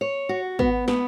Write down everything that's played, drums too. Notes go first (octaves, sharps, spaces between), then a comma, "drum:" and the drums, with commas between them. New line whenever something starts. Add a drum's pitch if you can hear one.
C#5
F#4
B3, drum: kick
B3, drum: snare